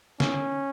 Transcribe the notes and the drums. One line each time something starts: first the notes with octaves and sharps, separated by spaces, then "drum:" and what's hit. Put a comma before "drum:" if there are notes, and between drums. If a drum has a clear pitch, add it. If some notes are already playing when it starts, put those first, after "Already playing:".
C#4, drum: snare